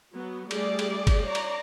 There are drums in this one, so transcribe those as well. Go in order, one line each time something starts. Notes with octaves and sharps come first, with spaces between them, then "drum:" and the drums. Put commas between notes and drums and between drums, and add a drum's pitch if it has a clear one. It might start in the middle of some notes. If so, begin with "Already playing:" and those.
F#3 B3
G3 A3 G#4 D5, drum: cymbal
drum: cymbal
drum: kick, cymbal
C#5 D5 A#5
drum: cymbal